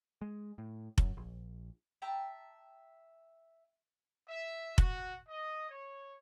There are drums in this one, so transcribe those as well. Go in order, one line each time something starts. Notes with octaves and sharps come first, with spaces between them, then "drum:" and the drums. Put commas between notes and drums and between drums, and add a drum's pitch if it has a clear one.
G#3
A2
F#2, drum: kick F1
A#1
E5 G5 A5 A#5
E5
F#4, drum: kick F1
D#5
C#5